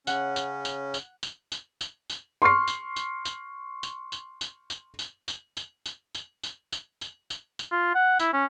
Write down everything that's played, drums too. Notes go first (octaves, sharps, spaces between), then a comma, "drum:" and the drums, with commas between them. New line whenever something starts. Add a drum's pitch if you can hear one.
C#3 C#4 F#5, drum: tambourine
drum: tambourine
drum: tambourine
drum: tambourine
drum: tambourine
drum: tambourine
drum: tambourine
drum: tambourine
C6 C#6 F6 C7
drum: tambourine
drum: tambourine
drum: tambourine
drum: tambourine
drum: tambourine
drum: tambourine
drum: tambourine
drum: tambourine
drum: tambourine
drum: tambourine
drum: tambourine
drum: tambourine
drum: tambourine
drum: tambourine
drum: tambourine
drum: tambourine
drum: tambourine
F4
F#5
E4, drum: tambourine
C#4